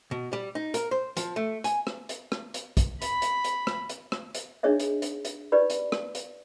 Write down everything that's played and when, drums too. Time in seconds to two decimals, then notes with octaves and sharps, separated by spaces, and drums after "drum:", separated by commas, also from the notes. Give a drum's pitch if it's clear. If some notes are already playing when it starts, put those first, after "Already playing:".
0.11 B2
0.33 G3
0.55 D#4
0.74 A#4, drum: hi-hat
0.91 C5
1.17 F3, drum: hi-hat
1.36 A3
1.64 G#5, drum: hi-hat
1.87 drum: rim click
2.09 drum: hi-hat
2.32 drum: rim click
2.54 drum: hi-hat
2.77 drum: kick, hi-hat
3.02 B5, drum: hi-hat
3.22 drum: hi-hat
3.44 drum: hi-hat
3.67 drum: rim click
3.89 drum: hi-hat
4.12 drum: rim click
4.35 drum: hi-hat
4.63 D4 D#4 G#4 C#5 D#5 E5
4.80 drum: hi-hat
5.02 drum: hi-hat
5.25 drum: hi-hat
5.52 D#4 G4 B4 D5 B5
5.70 drum: hi-hat
5.92 drum: rim click
6.15 drum: hi-hat